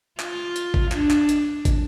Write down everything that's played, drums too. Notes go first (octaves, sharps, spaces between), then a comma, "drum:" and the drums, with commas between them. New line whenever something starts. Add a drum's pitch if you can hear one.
F4, drum: clap
drum: hi-hat
drum: kick
D4, drum: clap
drum: clap
drum: hi-hat
drum: kick, hi-hat